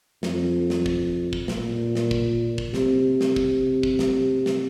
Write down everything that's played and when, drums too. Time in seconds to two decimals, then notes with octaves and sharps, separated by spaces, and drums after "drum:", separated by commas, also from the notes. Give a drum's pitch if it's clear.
0.23 F2, drum: snare
0.70 drum: snare
0.86 drum: kick
1.33 drum: kick
1.48 A#2, drum: snare
1.95 drum: snare
2.11 drum: kick
2.58 drum: kick
2.74 C3, drum: snare
3.21 drum: snare
3.36 drum: kick
3.83 drum: kick
3.99 drum: snare
4.46 drum: snare